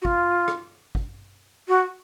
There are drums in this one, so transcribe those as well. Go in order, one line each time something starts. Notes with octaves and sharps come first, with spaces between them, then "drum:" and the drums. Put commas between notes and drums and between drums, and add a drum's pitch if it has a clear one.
F#4
F4, drum: kick
drum: rim click
drum: kick
F#4